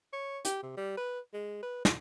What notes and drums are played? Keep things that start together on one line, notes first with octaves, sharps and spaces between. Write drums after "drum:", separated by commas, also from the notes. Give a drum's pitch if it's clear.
C#5
G4, drum: hi-hat
C3
G3
B4
G#3
B4
F4, drum: snare